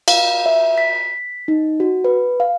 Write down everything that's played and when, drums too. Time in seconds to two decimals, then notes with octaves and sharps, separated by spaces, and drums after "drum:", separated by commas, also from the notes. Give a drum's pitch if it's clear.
0.08 F5, drum: cymbal
0.46 E5
0.78 B6
1.48 D#4
1.80 F#4
2.04 B4
2.40 F5